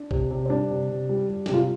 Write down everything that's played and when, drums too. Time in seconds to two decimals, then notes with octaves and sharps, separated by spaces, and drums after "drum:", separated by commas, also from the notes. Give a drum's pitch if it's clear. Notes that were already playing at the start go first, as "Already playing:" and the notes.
Already playing: D4
0.11 C3, drum: kick A#1
0.31 C3
0.45 C4
0.50 G3 D4
0.71 C3
0.90 C3
1.09 G3
1.30 G3
1.46 G4, drum: snare
1.49 C3 F4